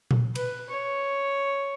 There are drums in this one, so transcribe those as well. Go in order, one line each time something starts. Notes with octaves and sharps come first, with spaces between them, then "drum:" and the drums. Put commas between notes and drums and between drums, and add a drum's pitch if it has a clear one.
drum: tom A#2
B4, drum: cymbal
C#5